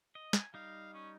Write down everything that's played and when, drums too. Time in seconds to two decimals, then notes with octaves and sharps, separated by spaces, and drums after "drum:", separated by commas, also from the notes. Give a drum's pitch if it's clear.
0.15 D#5
0.33 G#5, drum: snare
0.54 G3 D#4 F5
0.94 C#4